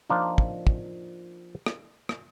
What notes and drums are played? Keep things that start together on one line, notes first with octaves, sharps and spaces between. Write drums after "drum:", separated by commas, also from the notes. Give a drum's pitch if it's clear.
F3 A#3 D4 D#4 F4
drum: kick
drum: kick
drum: rim click
drum: rim click